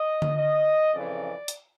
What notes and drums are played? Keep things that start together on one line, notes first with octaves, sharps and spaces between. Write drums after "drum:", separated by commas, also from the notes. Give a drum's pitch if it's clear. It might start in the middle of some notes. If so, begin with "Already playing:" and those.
Already playing: D#5
drum: tom D3
D#5
F2 C#3 E3 D5
drum: hi-hat